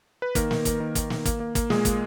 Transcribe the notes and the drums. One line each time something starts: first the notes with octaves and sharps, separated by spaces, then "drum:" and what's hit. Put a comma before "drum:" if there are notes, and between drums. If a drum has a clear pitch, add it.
B4
D#3 A#3 A#4, drum: kick, hi-hat
D#3, drum: snare
A#3, drum: kick, hi-hat
D#3
D#3, drum: kick, hi-hat
D#3, drum: snare
A#3, drum: kick, hi-hat
A#3
A#3, drum: kick, hi-hat
A#2 G#3 G#4, drum: snare
A#3, drum: kick, hi-hat